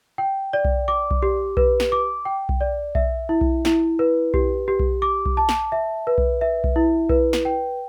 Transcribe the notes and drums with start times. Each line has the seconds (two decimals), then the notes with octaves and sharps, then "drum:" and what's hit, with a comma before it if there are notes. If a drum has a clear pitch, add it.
0.18 G5
0.53 D5
0.65 drum: kick B1
0.88 D6
1.11 drum: kick B1
1.23 G4
1.57 B4, drum: kick B1
1.80 drum: snare
1.92 D6
2.25 G5
2.49 drum: kick B1
2.61 D5
2.95 E5, drum: kick B1
3.29 E4
3.41 drum: kick B1
3.65 E4, drum: snare
3.99 B4
4.34 G4, drum: kick B1
4.68 G4
4.80 drum: kick B1
5.02 D6
5.26 drum: kick B1
5.37 A5
5.49 drum: snare
5.72 E5
6.07 B4
6.18 drum: kick B1
6.41 E5
6.64 drum: kick B1
6.76 E4
7.09 B4, drum: kick B1
7.33 drum: snare
7.45 G5